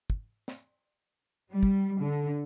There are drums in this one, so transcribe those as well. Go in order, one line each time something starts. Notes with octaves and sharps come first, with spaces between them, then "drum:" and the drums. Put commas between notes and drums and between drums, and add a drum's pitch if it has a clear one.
drum: kick
drum: snare
G3
drum: kick
D3